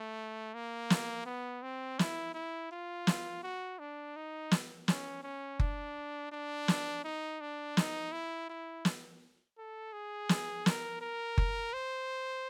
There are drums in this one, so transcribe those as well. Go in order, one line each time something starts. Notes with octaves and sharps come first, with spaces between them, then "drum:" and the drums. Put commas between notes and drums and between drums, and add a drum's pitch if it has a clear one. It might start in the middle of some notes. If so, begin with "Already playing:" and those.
Already playing: A3
A#3
drum: snare
B3
C4
E4, drum: snare
E4
F4
drum: snare
F#4
D4
D#4
drum: snare
C#4, drum: snare
C#4
D4, drum: kick F#1
D4
drum: snare
D#4
D4
D#4, drum: snare
E4
E4
drum: snare
A4
G#4
drum: snare
A#4, drum: snare
A#4
drum: kick F#1
C5